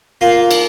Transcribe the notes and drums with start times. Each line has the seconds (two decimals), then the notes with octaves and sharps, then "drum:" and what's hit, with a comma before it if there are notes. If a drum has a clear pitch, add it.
0.21 A#3 F4
0.51 drum: cymbal